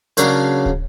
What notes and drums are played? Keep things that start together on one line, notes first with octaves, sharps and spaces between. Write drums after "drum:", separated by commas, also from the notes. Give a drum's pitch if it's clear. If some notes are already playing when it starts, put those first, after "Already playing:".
C#3 F#3 A#3 D4, drum: hi-hat
drum: kick